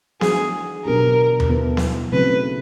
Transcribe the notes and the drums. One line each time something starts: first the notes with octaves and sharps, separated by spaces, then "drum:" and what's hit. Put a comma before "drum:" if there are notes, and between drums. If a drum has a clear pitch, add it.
E3 A3 D4 F#4 G#4, drum: snare B3
B2 F#3 B3 D4 G4 A#4
drum: tom D#2
B3 E4 A4
drum: snare B3
C#3 F#3 A3 C4 D#4 B4